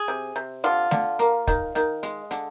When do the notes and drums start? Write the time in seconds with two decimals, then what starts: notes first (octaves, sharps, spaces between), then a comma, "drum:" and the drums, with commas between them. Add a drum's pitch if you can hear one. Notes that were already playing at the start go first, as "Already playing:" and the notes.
Already playing: G#4
0.08 C3
0.36 C3
0.64 D3 F4
0.91 D3, drum: snare
1.19 A#3, drum: hi-hat
1.47 D#3, drum: kick, hi-hat
1.75 D#3, drum: hi-hat
2.03 G#3, drum: hi-hat
2.31 D3, drum: hi-hat